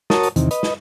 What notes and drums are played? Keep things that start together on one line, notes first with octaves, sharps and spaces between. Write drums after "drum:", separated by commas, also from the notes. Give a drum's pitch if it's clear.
F#4 A#4 C#5 A5 D#6, drum: snare
drum: hi-hat
E2 C3 D#3, drum: hi-hat
B4 D#5, drum: hi-hat
drum: snare